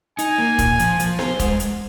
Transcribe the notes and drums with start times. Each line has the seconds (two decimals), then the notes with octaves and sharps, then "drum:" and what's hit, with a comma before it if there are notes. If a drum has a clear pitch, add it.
0.19 D#4 G#5, drum: hi-hat
0.38 A#3
0.59 A#2, drum: kick E1, hi-hat
0.79 F3, drum: hi-hat
1.00 F3, drum: hi-hat
1.19 C5, drum: snare B3
1.39 G#3, drum: kick E1, hi-hat
1.60 drum: hi-hat